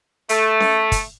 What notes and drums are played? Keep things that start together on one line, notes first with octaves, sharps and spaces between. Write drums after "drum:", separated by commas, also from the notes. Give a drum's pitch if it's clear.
A3, drum: hi-hat
drum: snare C#4
drum: kick, hi-hat